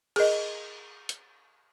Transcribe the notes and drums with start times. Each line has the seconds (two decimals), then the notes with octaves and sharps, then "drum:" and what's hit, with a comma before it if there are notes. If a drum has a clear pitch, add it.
0.16 G#4 A#4 D#5, drum: cymbal
1.09 drum: hi-hat